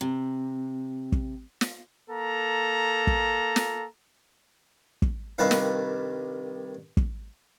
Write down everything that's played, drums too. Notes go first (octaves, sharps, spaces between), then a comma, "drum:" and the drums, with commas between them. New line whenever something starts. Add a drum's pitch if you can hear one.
C3
drum: kick
drum: snare
A#3 A4 A#5
drum: kick
drum: snare
drum: kick
C2 G2 D#3 A#4 B4 F5
drum: snare
drum: kick